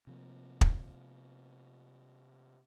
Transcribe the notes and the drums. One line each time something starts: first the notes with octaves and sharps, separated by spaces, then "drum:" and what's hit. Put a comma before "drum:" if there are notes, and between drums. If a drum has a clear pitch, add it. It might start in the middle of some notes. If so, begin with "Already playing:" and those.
C3 F3 A#3
drum: kick